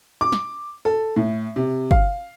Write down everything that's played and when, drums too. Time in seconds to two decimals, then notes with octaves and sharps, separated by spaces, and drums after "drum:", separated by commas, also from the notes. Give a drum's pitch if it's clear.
0.21 D6
0.32 drum: snare
0.85 A4
1.16 A2
1.56 C3
1.91 F5, drum: kick G1